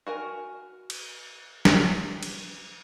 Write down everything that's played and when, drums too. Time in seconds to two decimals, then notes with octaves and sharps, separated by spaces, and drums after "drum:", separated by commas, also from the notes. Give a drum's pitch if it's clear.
0.07 F#4 A#4 G#5
0.90 drum: cymbal
1.65 drum: snare
2.23 drum: cymbal